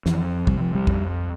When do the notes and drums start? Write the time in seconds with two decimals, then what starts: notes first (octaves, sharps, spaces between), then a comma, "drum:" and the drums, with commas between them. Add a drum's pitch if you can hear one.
0.06 F2 E3, drum: snare
0.47 C3 G3, drum: kick
0.60 F3
0.75 G3
0.87 F2, drum: kick